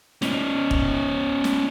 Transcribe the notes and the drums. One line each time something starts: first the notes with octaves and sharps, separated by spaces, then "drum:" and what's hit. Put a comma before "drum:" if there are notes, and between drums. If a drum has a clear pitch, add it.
C#4 D#4, drum: snare
drum: kick
drum: snare